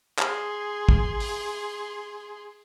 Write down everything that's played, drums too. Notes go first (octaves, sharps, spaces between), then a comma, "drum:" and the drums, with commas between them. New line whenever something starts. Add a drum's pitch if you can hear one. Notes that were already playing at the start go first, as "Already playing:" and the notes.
G#4 C6, drum: clap
drum: kick
drum: open hi-hat